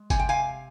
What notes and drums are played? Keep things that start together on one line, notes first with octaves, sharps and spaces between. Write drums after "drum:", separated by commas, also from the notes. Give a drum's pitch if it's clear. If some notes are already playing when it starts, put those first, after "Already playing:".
Already playing: G#3
C3 G#5, drum: kick G1, tambourine
G5
F5 G#5